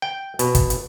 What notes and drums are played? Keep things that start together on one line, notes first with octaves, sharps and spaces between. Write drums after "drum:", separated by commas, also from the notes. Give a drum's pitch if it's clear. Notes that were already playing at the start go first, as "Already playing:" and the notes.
G5
B2, drum: hi-hat
drum: kick, hi-hat
drum: hi-hat